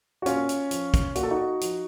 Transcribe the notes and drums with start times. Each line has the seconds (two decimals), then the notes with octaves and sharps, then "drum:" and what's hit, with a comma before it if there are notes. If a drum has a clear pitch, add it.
0.22 F#4
0.26 A#2 C#4 F4, drum: hi-hat
0.49 drum: hi-hat
0.71 F3, drum: hi-hat
0.94 drum: kick, hi-hat
1.15 A#2 F#4, drum: hi-hat
1.23 A4
1.30 D#4 F#4
1.61 F3, drum: hi-hat